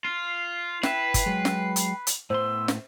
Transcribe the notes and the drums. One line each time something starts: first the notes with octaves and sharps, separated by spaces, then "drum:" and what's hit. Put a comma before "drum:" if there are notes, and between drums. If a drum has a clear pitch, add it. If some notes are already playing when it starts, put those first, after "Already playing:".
F4 C7
E4 B4 E5 G5, drum: snare
drum: kick G1, hi-hat
F#3 G#3
drum: snare
drum: hi-hat
drum: hi-hat
A2 B3 C5 C6 E6
drum: snare